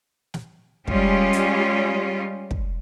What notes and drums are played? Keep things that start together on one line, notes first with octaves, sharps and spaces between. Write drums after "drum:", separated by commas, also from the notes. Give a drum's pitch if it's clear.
drum: snare
G3 G#3 C#4 F4 G4, drum: kick
drum: hi-hat
drum: kick